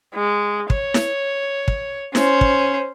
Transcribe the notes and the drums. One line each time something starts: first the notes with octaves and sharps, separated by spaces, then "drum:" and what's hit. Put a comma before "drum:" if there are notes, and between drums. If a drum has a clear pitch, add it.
G#3
C#5, drum: kick
drum: snare E4
drum: kick
C#4 C5, drum: snare E4
drum: kick